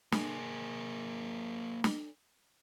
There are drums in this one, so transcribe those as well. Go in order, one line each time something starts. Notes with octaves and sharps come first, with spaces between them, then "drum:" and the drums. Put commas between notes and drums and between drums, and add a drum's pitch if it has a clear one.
A#3 G#4, drum: snare
drum: snare